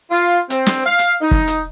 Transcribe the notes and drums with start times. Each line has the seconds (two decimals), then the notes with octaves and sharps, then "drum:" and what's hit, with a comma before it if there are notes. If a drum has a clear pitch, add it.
0.11 F4
0.50 C4, drum: hi-hat
0.66 drum: snare
0.86 F5
0.99 drum: hi-hat
1.22 D#4
1.31 drum: kick
1.48 drum: hi-hat